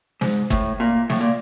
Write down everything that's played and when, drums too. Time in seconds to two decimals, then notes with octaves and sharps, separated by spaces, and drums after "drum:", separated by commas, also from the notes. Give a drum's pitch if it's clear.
0.21 G#2, drum: snare
0.50 A2, drum: kick
0.80 A#2
1.10 A2, drum: snare
1.21 A#2